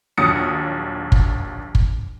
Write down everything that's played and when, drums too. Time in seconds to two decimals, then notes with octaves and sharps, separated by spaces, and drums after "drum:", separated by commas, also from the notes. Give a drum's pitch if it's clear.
0.17 A#1 D#2 F#3 D#6 A6 C#7
1.12 drum: kick
1.75 drum: kick